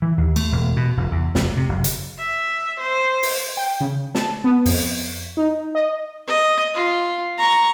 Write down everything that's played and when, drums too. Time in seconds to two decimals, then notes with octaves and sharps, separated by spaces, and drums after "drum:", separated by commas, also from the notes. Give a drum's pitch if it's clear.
0.02 E3
0.18 D#2
0.36 A3, drum: cymbal
0.52 E1
0.76 B2
0.97 F1
1.11 E2
1.35 F1, drum: snare
1.57 C3
1.69 F#1
1.84 drum: hi-hat
2.18 E5
2.79 C5
3.23 drum: open hi-hat
3.57 G5
3.80 C#3
4.15 A5, drum: snare
4.44 B3
4.66 F2, drum: open hi-hat
5.37 D#4
5.75 D#5
6.27 D#5
6.74 F4
7.38 A#5 C#6